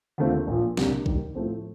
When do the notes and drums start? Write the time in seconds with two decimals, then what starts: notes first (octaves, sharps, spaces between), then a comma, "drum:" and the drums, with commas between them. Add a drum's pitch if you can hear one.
0.18 D#2 D3 A3 C4 F4
0.47 A#1 A#2 F3
0.77 C2 C3 G3 A#3 D4, drum: snare
1.06 D#2 D#3 G3, drum: kick A#1
1.35 A2 F3 A3 C4